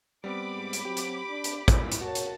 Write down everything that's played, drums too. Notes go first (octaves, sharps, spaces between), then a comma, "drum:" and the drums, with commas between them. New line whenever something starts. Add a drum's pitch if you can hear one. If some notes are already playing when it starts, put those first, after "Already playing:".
G3 B3 C4 B5 D6
G#2 G#3
drum: hi-hat
F#3 C4 G4
drum: hi-hat
D4
drum: hi-hat
G2 A#2 E4, drum: kick, hi-hat
drum: hi-hat
F#4 A#4 C#5 A5
drum: hi-hat